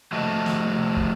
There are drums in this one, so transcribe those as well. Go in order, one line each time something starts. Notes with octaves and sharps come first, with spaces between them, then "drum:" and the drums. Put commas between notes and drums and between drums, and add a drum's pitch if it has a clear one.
F3 A3 F#4 A4 D#5
drum: snare
drum: kick